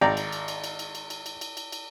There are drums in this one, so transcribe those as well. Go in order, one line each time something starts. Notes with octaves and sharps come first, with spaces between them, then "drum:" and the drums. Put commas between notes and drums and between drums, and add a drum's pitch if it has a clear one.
G#1 D5 G5 A#5
drum: cymbal
drum: cymbal
drum: cymbal
drum: cymbal
drum: cymbal
drum: cymbal
drum: cymbal
drum: cymbal
drum: cymbal
drum: cymbal
drum: cymbal